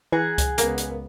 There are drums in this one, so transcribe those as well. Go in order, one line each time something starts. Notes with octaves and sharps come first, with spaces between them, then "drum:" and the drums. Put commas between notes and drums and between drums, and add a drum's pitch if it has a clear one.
E3 G#4 F#5 A#5
drum: kick C#2, hi-hat
C#2 A#3 B3, drum: hi-hat
drum: hi-hat